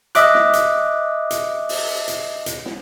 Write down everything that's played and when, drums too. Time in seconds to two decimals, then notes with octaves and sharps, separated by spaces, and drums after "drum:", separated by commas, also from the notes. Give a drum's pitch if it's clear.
0.15 D#5 E5 D6 F#6, drum: hi-hat
0.34 drum: snare
0.53 drum: hi-hat
1.31 drum: hi-hat
1.69 drum: open hi-hat
2.08 drum: hi-hat
2.46 drum: hi-hat
2.65 drum: snare